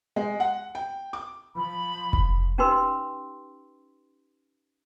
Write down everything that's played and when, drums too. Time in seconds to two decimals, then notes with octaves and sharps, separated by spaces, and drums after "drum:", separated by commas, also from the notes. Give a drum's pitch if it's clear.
0.16 G#3
0.40 F#5
0.75 G5
1.13 D6
1.55 F3 B5
2.13 drum: kick F1
2.58 C#4 D#4 G4 B4 C6 E6